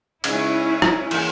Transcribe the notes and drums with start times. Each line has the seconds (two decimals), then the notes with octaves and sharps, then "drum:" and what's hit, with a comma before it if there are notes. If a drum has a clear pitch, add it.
0.24 C#3 G#3 C#4 D#4 E4, drum: cymbal
0.82 drum: rim click
1.11 E3 A#3 C#4 G#4, drum: cymbal